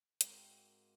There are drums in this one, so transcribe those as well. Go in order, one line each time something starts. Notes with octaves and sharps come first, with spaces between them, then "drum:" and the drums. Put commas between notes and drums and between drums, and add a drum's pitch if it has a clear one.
G#2 A#3 C4 F#4 A#4, drum: hi-hat